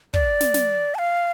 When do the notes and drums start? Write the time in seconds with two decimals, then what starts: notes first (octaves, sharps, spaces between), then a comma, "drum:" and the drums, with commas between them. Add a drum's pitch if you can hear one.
0.14 D5, drum: kick
0.40 drum: snare
0.54 drum: snare
0.95 A5
0.99 F5